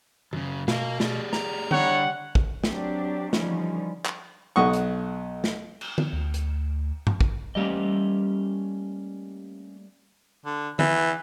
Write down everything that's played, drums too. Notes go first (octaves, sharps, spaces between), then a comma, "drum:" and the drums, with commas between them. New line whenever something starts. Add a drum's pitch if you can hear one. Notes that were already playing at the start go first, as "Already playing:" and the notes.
F#2 C#3, drum: tom D#3
B2 A#4 F5, drum: snare
G4 G#4 D5, drum: snare
A#5, drum: snare
D3 G3 E4 C#5 F#5, drum: tom
drum: kick
F#3 C4 D4 G4, drum: snare
D3 E3 F3 G3 C#4 D#4, drum: snare
drum: clap
B1 D#5 F#5 C#6
drum: hi-hat
drum: snare
drum: cymbal
drum: tom
D2
drum: hi-hat
drum: tom G2
drum: kick
G3 A3 A#3 C#4 G4 D#5
D3
E3, drum: tom